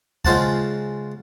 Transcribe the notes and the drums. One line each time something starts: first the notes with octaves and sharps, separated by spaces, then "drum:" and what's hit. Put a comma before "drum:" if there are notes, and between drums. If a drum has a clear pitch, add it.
C#3 G#3 F4 C5 F#5 A5, drum: kick C#2